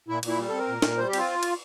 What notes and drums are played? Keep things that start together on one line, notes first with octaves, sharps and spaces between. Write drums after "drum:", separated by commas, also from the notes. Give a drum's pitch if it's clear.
A#2 E4
A#2, drum: cymbal
E4
G3
C4 A4
A#4
A#2
A#2, drum: snare
G3 C5
G4
C4 F4, drum: cymbal
drum: cymbal